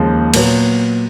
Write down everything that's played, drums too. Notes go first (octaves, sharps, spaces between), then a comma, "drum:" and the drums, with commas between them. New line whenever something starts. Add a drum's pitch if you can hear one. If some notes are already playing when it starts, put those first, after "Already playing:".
Already playing: D#2 C#3 F3 G#3
A#2 F#3 B3, drum: cymbal